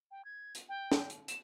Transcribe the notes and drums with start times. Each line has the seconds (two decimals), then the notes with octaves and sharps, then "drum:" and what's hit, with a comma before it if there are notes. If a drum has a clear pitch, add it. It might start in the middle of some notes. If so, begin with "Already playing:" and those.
0.11 G5
0.25 G#6
0.55 drum: hi-hat
0.69 G5
0.92 drum: snare
1.10 drum: hi-hat
1.28 E7, drum: hi-hat